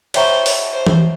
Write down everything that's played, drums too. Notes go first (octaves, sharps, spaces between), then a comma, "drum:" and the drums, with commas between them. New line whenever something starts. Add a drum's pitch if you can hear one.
C5 C#5 E5 G5 A#5 C#6, drum: cymbal
drum: open hi-hat
C5
drum: tom E3